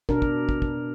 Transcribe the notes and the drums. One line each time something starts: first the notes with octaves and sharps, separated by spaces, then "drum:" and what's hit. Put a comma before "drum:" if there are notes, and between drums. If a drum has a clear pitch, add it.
B2 D4 A#4, drum: kick
drum: kick
drum: kick
drum: kick